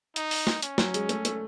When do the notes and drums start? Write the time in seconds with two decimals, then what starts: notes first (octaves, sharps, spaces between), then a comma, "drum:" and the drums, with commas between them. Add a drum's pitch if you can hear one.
0.16 D#4, drum: hi-hat
0.31 drum: open hi-hat
0.47 drum: snare
0.62 C#4, drum: hi-hat
0.78 F#3, drum: snare
0.94 G#3, drum: hi-hat
1.09 A3, drum: hi-hat
1.25 A3, drum: hi-hat